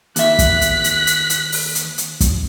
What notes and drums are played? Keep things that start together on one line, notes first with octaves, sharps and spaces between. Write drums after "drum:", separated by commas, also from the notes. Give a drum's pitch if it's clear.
D#2 E5 F#6 B6, drum: hi-hat
drum: kick, hi-hat
drum: hi-hat
drum: hi-hat
drum: hi-hat
drum: hi-hat
drum: open hi-hat
drum: hi-hat
drum: hi-hat
drum: kick, hi-hat